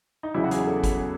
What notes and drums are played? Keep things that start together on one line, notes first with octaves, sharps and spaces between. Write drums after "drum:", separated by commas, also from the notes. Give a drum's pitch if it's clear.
D#4
E1 E2 C#3 F#3 E4
F#4
G#4, drum: hi-hat
A4
drum: kick, hi-hat